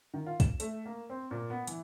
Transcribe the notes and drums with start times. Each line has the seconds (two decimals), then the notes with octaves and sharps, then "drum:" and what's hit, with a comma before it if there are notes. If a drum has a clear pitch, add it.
0.14 D#3
0.26 F4
0.40 E7, drum: kick, hi-hat
0.60 A3, drum: hi-hat
0.85 A#3
1.10 C4
1.31 A#2
1.50 B3
1.67 E3, drum: hi-hat